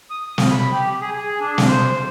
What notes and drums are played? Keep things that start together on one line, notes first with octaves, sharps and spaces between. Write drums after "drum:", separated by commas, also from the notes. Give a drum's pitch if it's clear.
D#6
drum: snare
B5
G4
G#4
G#4
D4
drum: snare
C5
F2